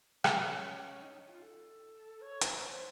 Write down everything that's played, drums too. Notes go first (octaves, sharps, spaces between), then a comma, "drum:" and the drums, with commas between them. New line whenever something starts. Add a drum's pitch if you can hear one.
C#4, drum: rim click
D#4
D#4
F4
A4
C#5
C5, drum: hi-hat
C5